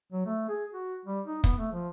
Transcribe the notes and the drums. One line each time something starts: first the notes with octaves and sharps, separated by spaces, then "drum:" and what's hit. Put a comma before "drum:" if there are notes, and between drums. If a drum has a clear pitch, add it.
F#3
A3
G#4
F#4
G3
D#4
B3, drum: kick
A3
F3